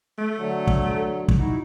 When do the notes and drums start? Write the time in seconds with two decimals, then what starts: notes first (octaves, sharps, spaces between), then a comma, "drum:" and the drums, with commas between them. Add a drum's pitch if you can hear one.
0.18 A3
0.37 D3 F#3
0.67 drum: kick
1.28 drum: kick
1.38 D#4 E4 F#4